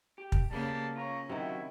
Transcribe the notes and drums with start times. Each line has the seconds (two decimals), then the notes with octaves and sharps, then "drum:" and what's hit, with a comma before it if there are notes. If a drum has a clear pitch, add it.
0.18 G4
0.32 drum: kick
0.51 C#3 G3 A#3 B3 A5
0.96 C#4 F4 C5 C#5 A#5
1.29 C3 D#3 F#3 E4 F#4 C5